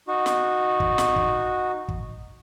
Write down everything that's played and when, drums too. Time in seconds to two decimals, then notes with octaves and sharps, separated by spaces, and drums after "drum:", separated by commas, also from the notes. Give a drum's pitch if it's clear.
0.08 D#4 F#4
0.26 drum: snare
0.80 drum: kick
0.98 drum: snare
1.16 drum: kick
1.88 drum: kick